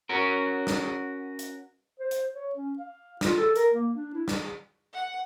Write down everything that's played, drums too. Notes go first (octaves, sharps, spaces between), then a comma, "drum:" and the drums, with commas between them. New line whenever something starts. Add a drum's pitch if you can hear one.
C#4 F#4 A#4
drum: snare
drum: hi-hat
C5
drum: hi-hat
C#5
C#4
F5
F4, drum: snare
A4
A#4, drum: hi-hat
A#3
D4
E4
drum: snare
F#5